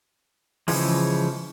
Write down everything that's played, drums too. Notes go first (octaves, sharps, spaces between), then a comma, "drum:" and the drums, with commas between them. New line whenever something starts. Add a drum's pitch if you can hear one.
C#3 E3 F3 G#3, drum: open hi-hat